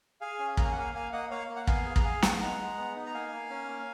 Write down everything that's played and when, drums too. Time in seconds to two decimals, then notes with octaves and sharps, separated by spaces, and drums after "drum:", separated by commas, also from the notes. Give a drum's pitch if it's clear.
0.21 G#4 F5 G#5
0.39 C#4
0.57 A#3 A#5, drum: kick
0.65 G#5
0.72 F#5
0.77 A#3 F5 G#5
0.95 A#3 F5 G#5
1.12 A#3 D#5 F#5
1.31 A#3 C#5 F5
1.49 A#3
1.56 F#5
1.67 B3 F5 G#5, drum: kick
1.86 G#4
1.96 A#5, drum: kick
2.04 G#4 F5 G#5
2.22 B3, drum: snare
2.41 G#3 F#5 A#5
2.59 G#3
2.78 B3
2.96 D#4
3.06 A#5
3.14 A#3 F5 G#5
3.32 A#3
3.50 C#4
3.68 A#3